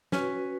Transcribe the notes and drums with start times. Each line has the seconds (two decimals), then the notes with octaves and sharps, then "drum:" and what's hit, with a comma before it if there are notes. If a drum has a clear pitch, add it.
0.12 C#4 F#4 B4, drum: snare